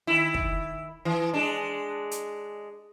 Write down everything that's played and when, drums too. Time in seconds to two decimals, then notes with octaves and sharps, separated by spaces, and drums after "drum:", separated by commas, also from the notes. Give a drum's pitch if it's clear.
0.07 D#3 E4
0.34 drum: kick
1.05 E3
1.34 G#3 D4
2.11 drum: hi-hat